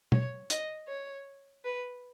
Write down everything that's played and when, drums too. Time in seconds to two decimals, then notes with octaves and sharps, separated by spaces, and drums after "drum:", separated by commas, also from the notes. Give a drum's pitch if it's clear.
0.12 C#5, drum: tom
0.50 D#5, drum: hi-hat
0.87 C#5
1.64 B4